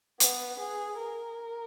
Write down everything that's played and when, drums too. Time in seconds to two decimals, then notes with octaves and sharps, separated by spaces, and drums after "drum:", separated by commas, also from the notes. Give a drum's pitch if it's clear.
0.20 B3, drum: hi-hat
0.59 G#4
0.98 A#4